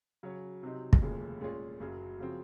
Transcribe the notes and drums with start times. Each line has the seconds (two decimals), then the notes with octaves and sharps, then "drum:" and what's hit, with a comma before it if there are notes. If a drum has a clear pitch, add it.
0.23 C#3 F#3 C#4
0.63 C3 F#3 C4 D#4
0.93 drum: kick
1.02 F1 D#2 C#3 F3 G#3
1.41 A#2 G#3 C#4 F4 G#4
1.80 F#1 F#2 C#3 F#3
2.20 C#3 F3 C4 F#4